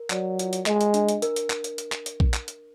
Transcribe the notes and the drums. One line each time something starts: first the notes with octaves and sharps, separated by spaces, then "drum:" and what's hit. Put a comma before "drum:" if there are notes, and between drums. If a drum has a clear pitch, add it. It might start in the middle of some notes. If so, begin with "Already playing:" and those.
Already playing: A#4
F#3 D5, drum: clap
F4, drum: hi-hat
drum: hi-hat
G#3 D#5, drum: clap
drum: hi-hat
D4, drum: hi-hat
drum: hi-hat
A#4, drum: hi-hat
drum: hi-hat
drum: clap
drum: hi-hat
drum: hi-hat
drum: clap
drum: hi-hat
drum: kick A#1
drum: clap
drum: hi-hat